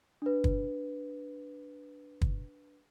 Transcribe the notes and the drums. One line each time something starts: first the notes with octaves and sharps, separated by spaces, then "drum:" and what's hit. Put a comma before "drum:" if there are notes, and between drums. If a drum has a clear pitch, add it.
D4 B4
drum: kick
drum: kick